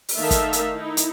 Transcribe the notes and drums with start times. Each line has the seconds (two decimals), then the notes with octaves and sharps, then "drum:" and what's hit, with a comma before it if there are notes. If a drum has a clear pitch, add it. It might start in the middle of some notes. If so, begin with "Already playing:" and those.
0.09 drum: open hi-hat
0.18 D#3 A3 D#4 E5 F5 A5
0.31 drum: kick G1, hi-hat
0.53 drum: hi-hat
0.75 D#4 E4
0.97 drum: hi-hat